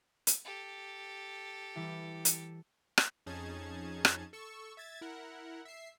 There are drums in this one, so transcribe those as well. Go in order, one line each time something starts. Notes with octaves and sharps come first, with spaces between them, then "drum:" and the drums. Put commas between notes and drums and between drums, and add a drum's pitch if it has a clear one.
drum: hi-hat
G4 A4
E3 G3 E4
drum: hi-hat
drum: rim click
F2 C#4 D#4 G#4 A5 G#6
drum: rim click
A4 C#6 E6
E5 G#6 A6
E4 A#4 F#5
E5 C7